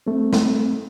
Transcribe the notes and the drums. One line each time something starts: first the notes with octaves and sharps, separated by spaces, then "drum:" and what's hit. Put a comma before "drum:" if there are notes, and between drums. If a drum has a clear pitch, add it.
A3 C4
drum: snare